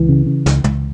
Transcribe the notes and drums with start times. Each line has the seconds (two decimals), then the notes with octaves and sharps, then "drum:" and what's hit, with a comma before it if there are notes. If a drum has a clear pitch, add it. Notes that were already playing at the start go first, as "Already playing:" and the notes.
Already playing: C#2 E3
0.09 C#3
0.26 C#3
0.46 C#2, drum: snare
0.64 C#2, drum: tom